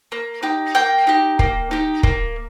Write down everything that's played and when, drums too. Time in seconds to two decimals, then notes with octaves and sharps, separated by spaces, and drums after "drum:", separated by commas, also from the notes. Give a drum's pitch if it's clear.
0.12 A#3
0.43 D#4 G4
0.75 A#3 G5
1.07 D#4 G4
1.39 A#3, drum: kick
1.71 D#4 G4
2.03 A#3, drum: kick